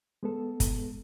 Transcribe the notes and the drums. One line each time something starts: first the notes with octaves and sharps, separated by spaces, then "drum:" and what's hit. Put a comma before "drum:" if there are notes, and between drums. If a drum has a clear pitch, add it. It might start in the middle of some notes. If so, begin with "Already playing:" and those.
G#3 B3 A4
drum: kick, hi-hat